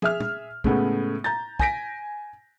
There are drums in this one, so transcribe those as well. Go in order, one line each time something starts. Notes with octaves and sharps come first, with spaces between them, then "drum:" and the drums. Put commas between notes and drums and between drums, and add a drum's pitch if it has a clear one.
G#4 E5 F6, drum: tom
drum: tom A#2
A2 C#3 G#3 A3 B3, drum: kick
A#5 G6 A6
G#5 G6 A#6 B6 D7, drum: kick